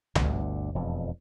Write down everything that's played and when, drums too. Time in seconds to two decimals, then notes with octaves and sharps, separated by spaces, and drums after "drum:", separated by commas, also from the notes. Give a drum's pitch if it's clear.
0.15 G1 D2 D3, drum: tom C#2
0.75 E1 F2